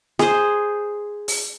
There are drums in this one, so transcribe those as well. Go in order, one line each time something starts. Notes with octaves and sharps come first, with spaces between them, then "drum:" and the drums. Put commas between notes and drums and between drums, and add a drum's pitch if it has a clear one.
G#4 C5, drum: snare
drum: open hi-hat